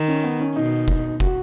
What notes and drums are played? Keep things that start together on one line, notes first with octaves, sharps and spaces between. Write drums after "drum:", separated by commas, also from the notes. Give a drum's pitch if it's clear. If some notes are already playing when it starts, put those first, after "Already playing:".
Already playing: D#3
C#4
B3
C#4
B2 D#4
drum: kick
F#4, drum: kick